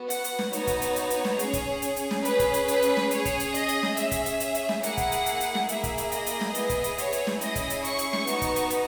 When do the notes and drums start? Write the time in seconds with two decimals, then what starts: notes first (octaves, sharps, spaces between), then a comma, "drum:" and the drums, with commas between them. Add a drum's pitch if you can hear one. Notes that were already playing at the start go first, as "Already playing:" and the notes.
Already playing: B3 F#4
0.10 F#5, drum: hi-hat
0.24 drum: hi-hat
0.39 drum: snare
0.53 B3 D#4 F#4 C#5, drum: hi-hat
0.67 drum: kick, hi-hat
0.82 drum: hi-hat
0.96 drum: hi-hat
1.10 drum: hi-hat
1.25 drum: snare
1.39 C#4 G#4, drum: hi-hat
1.53 drum: kick, hi-hat
1.82 drum: hi-hat
1.96 drum: hi-hat
2.11 drum: snare
2.25 C#4 G#4 B4, drum: hi-hat
2.39 drum: kick, hi-hat
2.54 drum: hi-hat
2.68 B4, drum: hi-hat
2.82 drum: hi-hat
2.97 drum: snare
3.11 C#4 G#4 C#5, drum: hi-hat
3.25 drum: kick, hi-hat
3.40 drum: hi-hat
3.54 D#5, drum: hi-hat
3.68 drum: hi-hat
3.83 drum: snare
3.97 C#4 G#4 E5, drum: hi-hat
4.11 drum: kick, hi-hat
4.26 drum: hi-hat
4.40 drum: hi-hat
4.54 drum: hi-hat
4.69 drum: snare
4.83 A#3 E4 G#4 F#5, drum: hi-hat
4.97 drum: kick, hi-hat
5.12 drum: hi-hat
5.26 drum: hi-hat
5.40 drum: hi-hat
5.55 drum: snare
5.69 A#3 E4 G#4 E5, drum: hi-hat
5.83 drum: kick, hi-hat
5.98 drum: hi-hat
6.12 D#5, drum: hi-hat
6.27 drum: hi-hat
6.41 drum: snare
6.55 B3 E4 G#4, drum: hi-hat
6.70 drum: kick, hi-hat
6.84 drum: hi-hat
6.98 C#5, drum: hi-hat
7.13 drum: hi-hat
7.27 drum: snare
7.41 C#4 E4 G#4 D#5, drum: hi-hat
7.56 drum: kick, hi-hat
7.70 drum: hi-hat
7.84 C#6, drum: hi-hat
7.99 drum: hi-hat
8.13 drum: snare
8.27 B3 D#4 F#4, drum: hi-hat
8.42 drum: kick, hi-hat
8.56 drum: hi-hat
8.70 drum: hi-hat